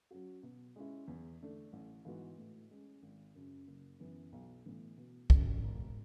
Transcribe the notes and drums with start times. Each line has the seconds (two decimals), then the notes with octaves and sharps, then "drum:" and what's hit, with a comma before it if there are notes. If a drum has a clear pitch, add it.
0.11 F#3 C#4 F#4
0.43 B2
0.76 G#3 C#4 E4
1.08 E2
1.41 D3 A3 D4
1.73 A1
2.05 G#2 E3 B3 F#4
2.37 A2
2.71 G#3 C#4
3.03 G#1
3.35 F#2 C#3
3.68 F#1
4.00 F#2 E3 B3
4.32 B1
4.65 A2 E3 B3
4.98 B2
5.30 F#3 C#4, drum: kick
5.62 E1